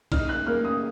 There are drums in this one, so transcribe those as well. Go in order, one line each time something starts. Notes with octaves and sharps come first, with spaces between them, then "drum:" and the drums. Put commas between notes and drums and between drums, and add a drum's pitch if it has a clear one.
D#4 F6, drum: kick, cymbal
F#6
A#3 F6
D#6